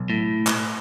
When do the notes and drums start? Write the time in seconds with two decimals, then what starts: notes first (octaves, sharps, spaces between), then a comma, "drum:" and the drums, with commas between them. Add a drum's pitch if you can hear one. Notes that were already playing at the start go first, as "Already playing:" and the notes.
Already playing: B1
0.10 A2
0.47 drum: clap